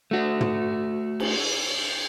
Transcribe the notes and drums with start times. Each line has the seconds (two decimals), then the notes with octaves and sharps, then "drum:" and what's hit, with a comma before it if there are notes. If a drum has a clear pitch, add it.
0.11 A3 F#4
0.41 drum: tom
1.20 drum: cymbal